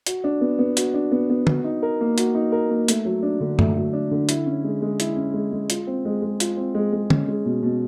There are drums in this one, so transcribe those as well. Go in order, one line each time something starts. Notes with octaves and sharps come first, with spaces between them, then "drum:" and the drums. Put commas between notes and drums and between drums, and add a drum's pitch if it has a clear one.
F#4, drum: hi-hat
D4
B3
B3
F#4, drum: hi-hat
D4
B3
B3
F#4, drum: tom
D#4
A#4
A#3
F#4, drum: hi-hat
D#4
A#4
A#3
A3, drum: hi-hat
F#3
D4
D3
A3, drum: tom F#2
F#3
D4
D3
E4, drum: hi-hat
C#4
G#3
G#3
E4, drum: hi-hat
C#4
G#3
G#3
F4, drum: hi-hat
C4
G#3
G#3
F4, drum: hi-hat
C4
G#3
G#3
C#4, drum: tom
G#3
B2
B2